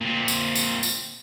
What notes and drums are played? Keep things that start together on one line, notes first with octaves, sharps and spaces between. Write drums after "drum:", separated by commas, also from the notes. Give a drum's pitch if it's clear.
A#2 C4
drum: tambourine
drum: tambourine
drum: tambourine